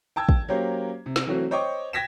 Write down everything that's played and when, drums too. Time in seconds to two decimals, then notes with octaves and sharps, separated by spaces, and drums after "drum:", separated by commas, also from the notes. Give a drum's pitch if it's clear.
0.16 G5 A5 E6 G#6
0.29 drum: kick
0.48 F#3 A#3 C#4 G4 C5
1.06 C3
1.16 drum: snare
1.27 E3 F#3 A3 C4 F#4
1.51 C5 C#5 D#5 G5 C#6 D6
1.93 G5 G#6 A#6 B6 E7